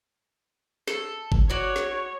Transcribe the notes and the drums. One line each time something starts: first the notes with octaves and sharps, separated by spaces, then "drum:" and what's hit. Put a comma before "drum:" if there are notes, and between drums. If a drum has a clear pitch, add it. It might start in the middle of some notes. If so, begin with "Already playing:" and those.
A4, drum: snare
drum: kick G1
F#4 C#5 D5
drum: snare